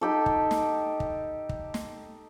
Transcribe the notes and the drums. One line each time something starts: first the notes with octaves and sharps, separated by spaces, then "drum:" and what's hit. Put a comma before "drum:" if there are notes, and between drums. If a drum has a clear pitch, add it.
D#4 G4 A4
drum: kick
drum: snare
drum: kick
drum: kick
drum: snare